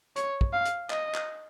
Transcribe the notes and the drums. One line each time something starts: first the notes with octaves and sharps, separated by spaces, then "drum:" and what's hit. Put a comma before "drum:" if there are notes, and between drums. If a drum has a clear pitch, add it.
C#5, drum: hi-hat
drum: kick
F5
drum: hi-hat
D#5, drum: clap
drum: clap